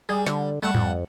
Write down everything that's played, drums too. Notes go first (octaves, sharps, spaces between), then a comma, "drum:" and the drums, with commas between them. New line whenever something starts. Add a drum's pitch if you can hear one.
G3 G#4
D3, drum: snare
G3 A3 F#5 A5
F2, drum: tom G#2